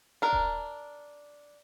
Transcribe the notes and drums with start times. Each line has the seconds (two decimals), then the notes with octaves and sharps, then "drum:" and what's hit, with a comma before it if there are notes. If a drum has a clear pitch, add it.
0.22 D4 A#4
0.33 drum: kick D#1